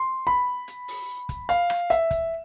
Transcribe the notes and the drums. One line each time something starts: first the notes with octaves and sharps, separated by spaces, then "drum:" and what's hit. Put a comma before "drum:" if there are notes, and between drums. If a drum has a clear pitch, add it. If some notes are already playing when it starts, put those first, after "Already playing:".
Already playing: C6
B5
drum: hi-hat
drum: open hi-hat
drum: kick, hi-hat
F5, drum: hi-hat
drum: rim click
E5, drum: hi-hat
drum: kick, hi-hat